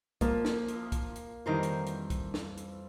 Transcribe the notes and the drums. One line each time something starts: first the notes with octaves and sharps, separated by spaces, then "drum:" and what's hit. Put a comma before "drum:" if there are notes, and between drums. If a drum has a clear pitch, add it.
F3 A#3, drum: kick, hi-hat
drum: snare
drum: hi-hat
drum: kick, hi-hat
drum: hi-hat
F2 D#3 E3 G3 A#4 C5
drum: hi-hat
drum: hi-hat
drum: kick, hi-hat
drum: snare
drum: hi-hat